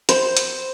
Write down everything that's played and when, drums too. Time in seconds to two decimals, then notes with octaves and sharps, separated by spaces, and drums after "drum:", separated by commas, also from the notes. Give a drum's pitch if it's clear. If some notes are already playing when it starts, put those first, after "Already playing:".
0.09 C5, drum: hi-hat
0.37 drum: hi-hat